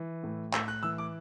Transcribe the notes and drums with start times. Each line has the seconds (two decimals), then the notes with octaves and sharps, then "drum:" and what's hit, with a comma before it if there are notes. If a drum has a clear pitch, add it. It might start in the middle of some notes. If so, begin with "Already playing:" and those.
Already playing: E3
0.23 A2
0.54 A2 E6, drum: clap
0.68 F#6
0.83 E3 E6
0.98 D6